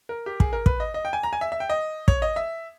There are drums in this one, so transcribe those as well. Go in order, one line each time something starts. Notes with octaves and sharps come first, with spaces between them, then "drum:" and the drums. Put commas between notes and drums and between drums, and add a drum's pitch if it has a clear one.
A#4
G4
G#4, drum: kick
A#4
B4, drum: kick
D#5
D#5
G5
G#5
A#5
G#5
E5
E5
G5
D#5
C#5, drum: kick
D#5
E5